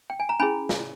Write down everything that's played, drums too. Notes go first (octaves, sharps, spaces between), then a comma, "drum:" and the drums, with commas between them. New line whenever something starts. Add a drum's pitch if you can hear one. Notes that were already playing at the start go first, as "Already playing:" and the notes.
G5
G#5
A#5
C#4 E4 G#4 G#5 B5
drum: snare